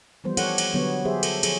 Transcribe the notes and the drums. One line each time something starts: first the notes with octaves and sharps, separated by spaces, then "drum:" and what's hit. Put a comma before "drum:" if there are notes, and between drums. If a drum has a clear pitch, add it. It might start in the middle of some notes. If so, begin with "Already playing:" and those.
E3 F3 G3 B3 C5
G4 A4 C#5 F#5, drum: cymbal
drum: cymbal
D3 F#3 G3 B3 C#5
F#3 G4 G#4 C5 E5
A4, drum: cymbal
F3 G#4 C#5, drum: cymbal